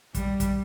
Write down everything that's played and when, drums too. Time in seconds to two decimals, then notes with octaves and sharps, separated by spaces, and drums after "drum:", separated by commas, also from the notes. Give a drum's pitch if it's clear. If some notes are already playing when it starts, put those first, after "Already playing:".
0.15 G3, drum: kick, hi-hat
0.40 drum: kick, hi-hat